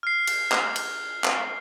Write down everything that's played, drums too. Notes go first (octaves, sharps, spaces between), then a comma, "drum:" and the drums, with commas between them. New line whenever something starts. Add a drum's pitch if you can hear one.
F6 C7
drum: cymbal
drum: clap
drum: cymbal
drum: clap